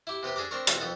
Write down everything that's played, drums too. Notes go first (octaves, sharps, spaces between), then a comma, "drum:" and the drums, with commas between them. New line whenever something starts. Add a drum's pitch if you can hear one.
E4 G4
C3 B3 G4 B4
D4 G#4 A4 A#5 D6
C4 D4 A#4 A#5 C#6
E2 B2 C4 F4 A#5, drum: hi-hat
F2 B3 D#4 A4 F#5